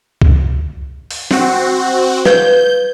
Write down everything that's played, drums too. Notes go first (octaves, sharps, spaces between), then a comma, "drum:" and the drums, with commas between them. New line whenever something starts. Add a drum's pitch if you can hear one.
drum: kick C2
drum: open hi-hat
C4 F#4, drum: snare
B4 G6, drum: snare